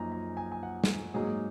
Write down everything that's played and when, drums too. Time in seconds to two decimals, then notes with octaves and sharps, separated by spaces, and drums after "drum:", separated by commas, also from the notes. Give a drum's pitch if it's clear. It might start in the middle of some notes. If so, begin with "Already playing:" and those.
Already playing: F#2 F3 A#3 D#4 G#5 A#5
0.12 A#5
0.37 G#5
0.52 G#5
0.63 F#5
0.84 drum: snare
1.14 G#2 F#3 A#3 D#4 G#4